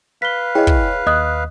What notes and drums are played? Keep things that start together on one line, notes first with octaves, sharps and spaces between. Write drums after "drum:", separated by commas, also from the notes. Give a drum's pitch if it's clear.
B4 F5 B6 G7
E4 G#4 C#5 D#5 G5
drum: kick
D#2 D#5 D#6 F#6